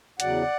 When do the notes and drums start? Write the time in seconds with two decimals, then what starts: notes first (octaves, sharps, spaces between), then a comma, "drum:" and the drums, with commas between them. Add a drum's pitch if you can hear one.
0.20 E2 C#3 F#3 D5 F#5, drum: hi-hat